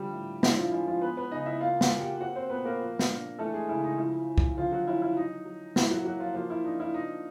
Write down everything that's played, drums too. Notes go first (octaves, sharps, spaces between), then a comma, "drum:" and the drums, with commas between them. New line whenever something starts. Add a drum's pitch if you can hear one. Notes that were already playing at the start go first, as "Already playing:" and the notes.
Already playing: D3 F3 G3 G4
A2
D4 E4, drum: snare
F3 F4
G#3 E4
F3 F4
B3 B4
B3 B4
C#3 D#4 D#5
E4 E5
A#3 F4 F5
F#4 F#5, drum: snare
A#3
G4 G5
C4 F#4 F#5
C4 C5
A#2 B3 B4
A#3 A#4
F3
drum: snare
D4
E3 A3 A4
G#3 G#4
C#3 E4
D#4
F3 E4
F3
drum: kick C2
D3 F3 F4
F#3 F#4
C#4 E4
E4
F#3 D#4
F#3
A#3 E4, drum: snare
F#3 F#4
F#3 A#3 F#4
F3 F4
F3 A#3 F4
E4
D4 D#4
E4
F3 D#4